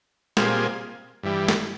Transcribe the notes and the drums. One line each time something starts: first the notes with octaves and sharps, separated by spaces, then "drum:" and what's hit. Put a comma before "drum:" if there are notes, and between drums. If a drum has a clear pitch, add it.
A#2 G3 C4 F4 G#4, drum: snare
G2 E3 G3
drum: snare